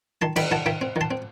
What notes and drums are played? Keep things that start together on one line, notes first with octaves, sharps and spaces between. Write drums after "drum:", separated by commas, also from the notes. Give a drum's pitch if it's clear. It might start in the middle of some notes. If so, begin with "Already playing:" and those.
D#3 A5 C6
D#3 G5 B5, drum: cymbal
D#3 F#5 A5
D#3 E5 G5
C4
D#3 A5 C6
C4